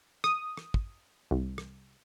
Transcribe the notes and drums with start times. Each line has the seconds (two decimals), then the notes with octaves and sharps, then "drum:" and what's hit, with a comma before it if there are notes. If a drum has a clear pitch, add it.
0.24 D#6, drum: rim click
0.57 drum: rim click
0.74 drum: kick
1.31 C2
1.58 drum: rim click